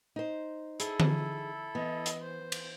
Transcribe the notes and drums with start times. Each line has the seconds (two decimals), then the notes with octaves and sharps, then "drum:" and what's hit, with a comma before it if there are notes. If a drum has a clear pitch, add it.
0.16 D#4 C5
0.80 E4 G#4 A4, drum: hi-hat
1.00 drum: tom D3
1.75 E3 B3 D#5
2.06 drum: hi-hat
2.22 C5
2.52 drum: cymbal